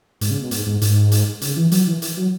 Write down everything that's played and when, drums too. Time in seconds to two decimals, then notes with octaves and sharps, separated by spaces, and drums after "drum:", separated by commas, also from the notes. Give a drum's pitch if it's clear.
0.21 G#2, drum: hi-hat
0.31 C#3
0.41 B2
0.51 G#2, drum: hi-hat
0.66 G#2
0.82 G#2, drum: hi-hat
1.12 drum: hi-hat
1.41 C#3, drum: hi-hat
1.56 E3
1.72 F#3, drum: hi-hat
1.87 E3
2.02 E3, drum: hi-hat
2.17 F#3